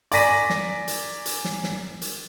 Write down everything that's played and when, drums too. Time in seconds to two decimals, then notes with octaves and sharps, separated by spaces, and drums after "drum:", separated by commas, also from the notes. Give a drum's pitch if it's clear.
0.12 D5 G#5 A#5 A#6 B6 D#7, drum: hi-hat
0.50 drum: snare
0.88 drum: hi-hat
1.26 drum: hi-hat
1.45 drum: snare
1.64 drum: snare
2.01 drum: hi-hat